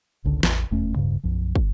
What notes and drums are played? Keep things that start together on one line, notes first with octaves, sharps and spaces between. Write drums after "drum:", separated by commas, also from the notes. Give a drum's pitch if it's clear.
G#1 C#2 D3
A1 E2, drum: snare
F1 E2 A3 C#4
D1 E2 G2 C#3
B1 F#2 F3
drum: kick